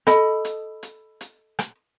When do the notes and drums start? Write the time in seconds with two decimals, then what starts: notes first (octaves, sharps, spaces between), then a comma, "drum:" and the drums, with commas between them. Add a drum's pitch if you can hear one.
0.07 A4 D#5 B5, drum: rim click
0.45 drum: hi-hat
0.83 drum: hi-hat
1.21 drum: hi-hat
1.59 drum: rim click